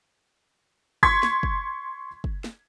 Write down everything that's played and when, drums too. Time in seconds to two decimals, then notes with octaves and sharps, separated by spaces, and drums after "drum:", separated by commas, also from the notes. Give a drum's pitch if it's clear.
1.03 C6 C#6 G#6 B6, drum: kick
1.23 drum: snare
1.43 drum: kick
2.24 drum: kick
2.44 drum: snare